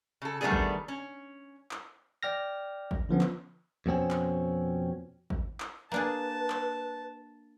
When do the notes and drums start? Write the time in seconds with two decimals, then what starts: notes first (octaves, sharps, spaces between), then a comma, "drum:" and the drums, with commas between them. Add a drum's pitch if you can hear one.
0.22 C#3 A4
0.41 D#3 G3 A3 B3 D4 G#4
0.52 drum: kick G#1
0.88 C#4
1.71 drum: clap
2.23 D5 G5 F6 A#6
2.91 drum: kick G#1
3.09 D3 F3 B3 C#4
3.21 drum: clap
3.86 F2 B2 C4 C#4
4.11 drum: clap
5.30 drum: kick G#1
5.60 drum: clap
5.92 A#3 D4 G#4 B4 A5
6.50 drum: clap